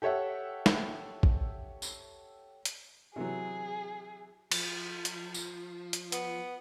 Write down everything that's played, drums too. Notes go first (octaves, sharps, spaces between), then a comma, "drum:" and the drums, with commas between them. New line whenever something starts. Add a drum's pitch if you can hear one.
G4 A4 C#5 E5 F#5
drum: snare
drum: kick
drum: tambourine
drum: hi-hat
C3 E3 F#3 G#4
F3, drum: cymbal
drum: hi-hat
drum: tambourine
drum: hi-hat
B3, drum: hi-hat